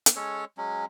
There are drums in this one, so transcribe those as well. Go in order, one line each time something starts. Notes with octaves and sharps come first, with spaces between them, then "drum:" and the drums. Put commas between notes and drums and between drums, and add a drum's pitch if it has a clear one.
drum: hi-hat
G#3 C#4 A4 C#5
F#3 G#3 C#4